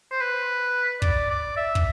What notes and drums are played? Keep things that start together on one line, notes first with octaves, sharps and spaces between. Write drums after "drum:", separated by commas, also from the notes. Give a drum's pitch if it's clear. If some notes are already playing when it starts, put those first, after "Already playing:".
C5
B4
D5, drum: kick
D5
E5
drum: kick